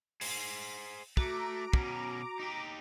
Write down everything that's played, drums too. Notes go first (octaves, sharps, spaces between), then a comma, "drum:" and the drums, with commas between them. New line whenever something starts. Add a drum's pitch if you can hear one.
G#4 C5, drum: open hi-hat
A3 F#4 A#5 D6 D7, drum: kick
B2 C#4, drum: kick
D#4 G4